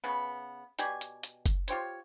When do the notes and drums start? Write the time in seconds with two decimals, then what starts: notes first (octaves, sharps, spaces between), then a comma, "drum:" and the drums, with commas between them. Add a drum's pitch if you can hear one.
0.04 C#3 B3
0.79 B2 G4 D5 G#5, drum: hi-hat
1.01 drum: hi-hat
1.23 drum: hi-hat
1.46 drum: kick F#1, hi-hat
1.68 F4 G4 C5 C#5, drum: hi-hat